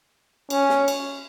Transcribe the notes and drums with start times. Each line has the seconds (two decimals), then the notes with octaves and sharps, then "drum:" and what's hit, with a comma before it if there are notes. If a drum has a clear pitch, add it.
0.50 C#4, drum: cymbal
0.69 drum: snare
0.88 drum: cymbal